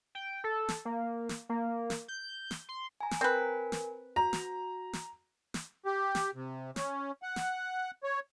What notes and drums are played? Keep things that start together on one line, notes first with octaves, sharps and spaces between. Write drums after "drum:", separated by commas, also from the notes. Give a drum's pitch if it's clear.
G5
A4
drum: snare
A#3
drum: snare
A#3
drum: snare
G6
drum: snare
C6
G#5 A#5
drum: snare
C4 A#4 B4 G#5
drum: snare
F#4 A#5
drum: snare
drum: snare
drum: snare
G4
drum: snare
C3
C#4, drum: snare
F#5
drum: snare
C#5